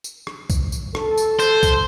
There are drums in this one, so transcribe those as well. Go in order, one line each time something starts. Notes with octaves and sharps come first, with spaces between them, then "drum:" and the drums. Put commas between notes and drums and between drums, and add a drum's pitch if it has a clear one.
drum: tambourine
drum: rim click
drum: kick C2, tambourine
drum: tambourine
A4, drum: rim click
drum: tambourine
C5, drum: tambourine
drum: kick C2, tambourine